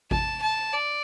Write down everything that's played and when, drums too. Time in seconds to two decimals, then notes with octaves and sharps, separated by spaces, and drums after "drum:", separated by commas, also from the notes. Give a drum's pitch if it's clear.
0.11 A5, drum: kick G#1
0.42 A5
0.73 D5